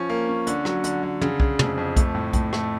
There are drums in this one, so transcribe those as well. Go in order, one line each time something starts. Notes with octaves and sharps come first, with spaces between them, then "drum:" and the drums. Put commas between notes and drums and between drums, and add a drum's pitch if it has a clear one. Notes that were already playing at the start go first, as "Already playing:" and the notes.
Already playing: F3 C#4
A#3
C#4
D3, drum: hi-hat
F#3, drum: rim click
D3, drum: hi-hat
D3
C#3, drum: tom
C#3, drum: kick B1
F2, drum: tom
F2
A3, drum: kick B1, hi-hat
A2
A2, drum: kick B1, hi-hat
A3, drum: rim click